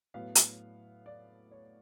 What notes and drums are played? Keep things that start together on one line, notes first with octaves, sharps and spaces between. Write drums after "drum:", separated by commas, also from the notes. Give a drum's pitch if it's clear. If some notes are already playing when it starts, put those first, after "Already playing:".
A2 F#3 B3 F5
drum: hi-hat
D5
C#5